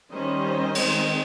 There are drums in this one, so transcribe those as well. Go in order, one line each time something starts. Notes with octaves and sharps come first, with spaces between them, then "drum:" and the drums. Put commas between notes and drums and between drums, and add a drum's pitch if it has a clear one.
D#3 G3 C#4 C5 D#5
D#3 G#3 C4, drum: cymbal